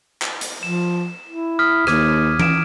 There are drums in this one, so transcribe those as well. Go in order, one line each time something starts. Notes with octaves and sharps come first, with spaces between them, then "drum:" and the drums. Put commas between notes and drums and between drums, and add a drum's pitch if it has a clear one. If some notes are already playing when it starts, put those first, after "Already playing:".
drum: clap
drum: hi-hat
F3 E7
E4
D#6 F6 B6
D#2 D6 G#6 D#7, drum: rim click
D7 E7, drum: tom E3